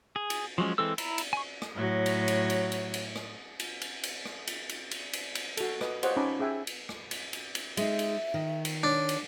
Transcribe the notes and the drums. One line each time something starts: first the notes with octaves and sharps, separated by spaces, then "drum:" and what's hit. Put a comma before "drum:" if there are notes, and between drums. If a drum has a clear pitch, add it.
G#4
drum: cymbal
F3 F#3 G#3 C#4
E3 G#3 C4 A4 E6
E4 A#5, drum: cymbal
drum: cymbal
G#5 C#6
drum: rim click
A2 F#3
drum: cymbal
drum: cymbal
drum: cymbal
drum: cymbal
drum: cymbal
drum: rim click
drum: cymbal
drum: cymbal
drum: cymbal
drum: rim click
drum: cymbal
drum: cymbal
drum: cymbal
drum: cymbal
drum: cymbal
F#4 A4, drum: cymbal
B4 D#5, drum: rim click
F4 G4 C5 C#5 D#5 F#5, drum: cymbal
C#4 D#4 C#5 A5 B5 D6
C#4 G#4 E5 G5 G#5
drum: cymbal
drum: rim click
drum: cymbal
drum: cymbal
drum: cymbal
G#3 D#4 E5, drum: cymbal
drum: cymbal
D#3
drum: cymbal
D4 C#5
drum: cymbal